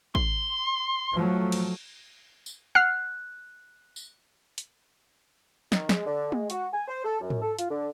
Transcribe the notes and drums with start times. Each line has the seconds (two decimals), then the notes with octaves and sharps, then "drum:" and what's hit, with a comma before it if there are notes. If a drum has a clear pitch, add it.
0.15 C6, drum: kick
1.13 F3 F#3 A3
1.52 drum: cymbal
2.46 drum: tambourine
2.75 F#5 F6 F#6 C7
3.96 drum: tambourine
4.58 drum: hi-hat
5.72 D#3, drum: snare
5.89 G#3, drum: snare
6.06 D3
6.32 G#3, drum: tom
6.50 F#4, drum: hi-hat
6.73 G#5
6.88 C5
7.05 A4
7.21 F#2
7.30 drum: tom
7.42 A4
7.59 F4, drum: hi-hat
7.70 D3